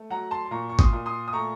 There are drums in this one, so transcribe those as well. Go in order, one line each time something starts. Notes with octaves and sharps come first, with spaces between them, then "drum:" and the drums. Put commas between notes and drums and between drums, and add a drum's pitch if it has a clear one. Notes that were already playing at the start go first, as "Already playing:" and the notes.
Already playing: A3
F#3 F#5 A#5
A5 C6
C6
A#2 A#5 C#6
C#6
C6 D#6, drum: kick G#1
A#2
C6 D#6
D#6
A3 A#5 C#6